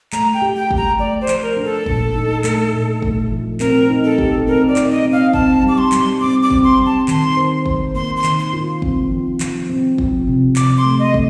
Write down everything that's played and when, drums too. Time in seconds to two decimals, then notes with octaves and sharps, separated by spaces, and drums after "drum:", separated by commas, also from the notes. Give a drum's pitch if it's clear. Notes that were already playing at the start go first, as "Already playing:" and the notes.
0.12 A3 A#5, drum: clap
0.34 G5
0.42 G4
0.56 G5
0.71 G4, drum: kick
0.77 A#5
0.99 A3 D5
1.21 C5
1.28 F3, drum: clap
1.42 A#4
1.57 D4
1.64 A4
1.86 A#2, drum: kick
2.15 D#4
2.44 A3, drum: clap
2.73 A#2
3.02 A3, drum: kick
3.31 F3
3.60 C4 A#4, drum: clap
3.90 D#4
4.04 A4
4.18 G4, drum: kick
4.47 C4 A#4
4.68 D5
4.76 D#4, drum: clap
4.91 D#5
5.05 C4
5.12 F5
5.33 C4 A5, drum: kick
5.63 G3
5.68 D6
5.78 C6
5.92 G3, drum: clap
6.20 C4 D6
6.43 D6
6.50 C4, drum: kick
6.64 C6
6.79 G3
6.86 A5
7.08 D#3 C6, drum: clap
7.37 C5
7.66 C5, drum: kick
7.95 A#3 C6
8.17 C6
8.24 D#3, drum: clap
8.39 C6
8.53 F4
8.82 C4, drum: kick
9.11 F3
9.40 F3, drum: clap
9.69 C4
9.98 F3, drum: kick
10.27 C3
10.56 C3 D6, drum: clap
10.78 C6
10.85 A3
10.99 D#5
11.14 A3, drum: kick